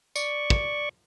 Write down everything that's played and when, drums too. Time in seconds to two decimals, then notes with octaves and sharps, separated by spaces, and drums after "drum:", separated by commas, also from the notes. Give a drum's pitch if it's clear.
0.16 D5 C#6, drum: tambourine
0.50 drum: kick